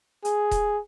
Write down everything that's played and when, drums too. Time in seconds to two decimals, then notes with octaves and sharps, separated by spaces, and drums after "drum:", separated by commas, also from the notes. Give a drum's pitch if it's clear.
0.25 G#4, drum: hi-hat
0.51 drum: kick D#1, hi-hat